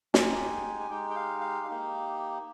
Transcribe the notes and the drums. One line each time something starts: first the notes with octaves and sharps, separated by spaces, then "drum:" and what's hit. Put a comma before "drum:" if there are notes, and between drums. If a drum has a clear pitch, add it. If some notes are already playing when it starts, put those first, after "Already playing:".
G#3 D#4 G4 G#5, drum: snare
G#5
G#3 D#4 G4 G5
G5
F5
F5
A#3 D#4 G4